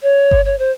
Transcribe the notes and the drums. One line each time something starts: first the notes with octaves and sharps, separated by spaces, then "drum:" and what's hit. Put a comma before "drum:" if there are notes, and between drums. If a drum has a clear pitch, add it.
C#5
drum: kick G1
C#5
C5